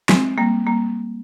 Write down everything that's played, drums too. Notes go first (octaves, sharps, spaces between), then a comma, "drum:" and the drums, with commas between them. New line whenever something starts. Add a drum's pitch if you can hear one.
G#3 C4, drum: snare
G3 A#3
G3 A#3